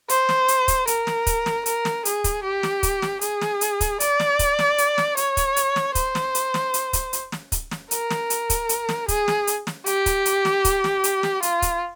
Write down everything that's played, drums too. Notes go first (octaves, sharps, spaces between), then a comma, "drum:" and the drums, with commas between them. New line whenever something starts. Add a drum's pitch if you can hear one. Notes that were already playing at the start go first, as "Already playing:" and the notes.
C5, drum: hi-hat
drum: snare
drum: hi-hat
drum: kick, hi-hat
A#4, drum: hi-hat
drum: snare
drum: kick, hi-hat
drum: snare
A#4, drum: hi-hat
drum: snare
G#4, drum: hi-hat
drum: kick, hi-hat
G4
drum: snare
drum: kick, hi-hat
drum: snare
G#4, drum: hi-hat
drum: snare
drum: hi-hat
drum: kick, hi-hat
D5, drum: hi-hat
drum: snare
drum: kick, hi-hat
drum: snare
drum: hi-hat
drum: snare
C#5, drum: hi-hat
drum: kick, hi-hat
drum: hi-hat
drum: snare
C5, drum: kick, hi-hat
drum: snare
drum: hi-hat
drum: snare
drum: hi-hat
drum: kick, hi-hat
drum: hi-hat
drum: snare
drum: kick, hi-hat
drum: snare
A#4, drum: hi-hat
drum: snare
drum: hi-hat
drum: kick, hi-hat
drum: hi-hat
drum: snare
G#4, drum: kick, hi-hat
drum: snare
drum: hi-hat
drum: snare
G4, drum: hi-hat
drum: kick, hi-hat
drum: hi-hat
drum: snare
drum: kick, hi-hat
drum: snare
drum: hi-hat
drum: snare
F4, drum: hi-hat
drum: kick, hi-hat